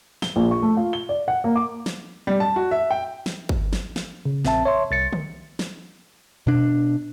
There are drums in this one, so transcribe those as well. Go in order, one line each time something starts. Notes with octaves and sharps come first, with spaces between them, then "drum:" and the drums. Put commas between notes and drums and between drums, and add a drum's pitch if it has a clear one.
G7, drum: snare
A#1
C#6
A3
F4
G7
D5
F#5
A#3
D6
drum: snare
G3
A5
F#4
E5
G5
drum: snare
drum: kick
drum: snare
drum: snare
C#3
A#1 C4 E5 A5, drum: snare
C#5 E5 C6
C2 A6 C#7
drum: tom
drum: snare
B2 D4